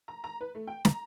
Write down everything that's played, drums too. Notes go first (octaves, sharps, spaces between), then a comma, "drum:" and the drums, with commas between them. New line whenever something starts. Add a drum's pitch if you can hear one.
A#5
A#5
B4
A3
G5
A#5, drum: snare